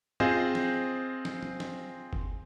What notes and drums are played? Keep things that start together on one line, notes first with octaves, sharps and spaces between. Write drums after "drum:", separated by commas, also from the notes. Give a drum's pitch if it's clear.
C4 F4 G#4 C5 D#5, drum: tom
drum: snare
drum: snare
drum: tom
drum: snare
drum: kick F#1